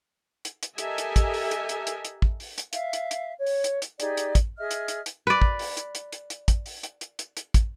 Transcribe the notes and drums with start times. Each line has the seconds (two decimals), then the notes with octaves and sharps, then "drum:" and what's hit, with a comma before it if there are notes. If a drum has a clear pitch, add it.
0.45 drum: hi-hat
0.63 drum: hi-hat
0.78 G4 A4 A#4 D#5 E5 G#5, drum: hi-hat
0.98 drum: hi-hat
1.16 drum: kick, hi-hat
1.34 drum: open hi-hat
1.51 drum: hi-hat
1.69 drum: hi-hat
1.87 drum: hi-hat
2.05 drum: hi-hat
2.22 drum: kick
2.40 drum: open hi-hat
2.58 drum: hi-hat
2.73 E5 F5, drum: hi-hat
2.93 drum: hi-hat
3.11 drum: hi-hat
3.37 C#5
3.46 drum: open hi-hat
3.64 drum: hi-hat
3.82 drum: hi-hat
4.00 D#4 G4 G#4 D5, drum: hi-hat
4.17 drum: hi-hat
4.35 drum: kick, hi-hat
4.58 G#4 D#5 E5 F6
4.71 drum: hi-hat
4.88 drum: hi-hat
5.06 drum: hi-hat
5.27 B4 D5
5.42 drum: kick
5.59 drum: open hi-hat
5.77 drum: hi-hat
5.95 drum: hi-hat
6.12 drum: hi-hat
6.30 drum: hi-hat
6.48 drum: kick, hi-hat
6.66 drum: open hi-hat
6.83 drum: hi-hat
7.01 drum: hi-hat
7.19 drum: hi-hat
7.37 drum: hi-hat
7.54 drum: kick, hi-hat